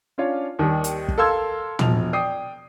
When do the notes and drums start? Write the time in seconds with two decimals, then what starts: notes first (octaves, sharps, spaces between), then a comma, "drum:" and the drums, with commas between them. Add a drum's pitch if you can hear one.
0.18 C#4 D4 F4 C#5 F5
0.59 D#2 D#3 G3
0.84 drum: hi-hat
1.08 drum: kick
1.18 A4 A#4 F5 C6 E6 G#6
1.79 E1 F3 F7, drum: tom
2.13 D5 G5 D#6 C7